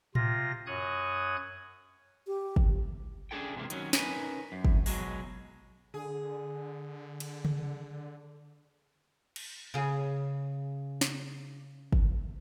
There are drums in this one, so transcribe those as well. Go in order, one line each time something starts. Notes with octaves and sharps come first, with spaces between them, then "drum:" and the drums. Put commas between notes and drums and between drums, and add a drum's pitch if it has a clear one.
C3 F4 A#6, drum: tom A2
F#2 C#5 D#6 F#6 G#6
G4
drum: kick
C#4 D4 G#4 A4 G5
E2 C3 G#3 A#3
D#3 F#3 C#4, drum: hi-hat
C#4 D#4 A#4 B4 G#5, drum: snare
F#2
drum: kick
B2 F#3 G#3, drum: open hi-hat
D3 G#4
drum: cymbal
drum: tom C#3
drum: cymbal
C#3 G#4
drum: snare
drum: kick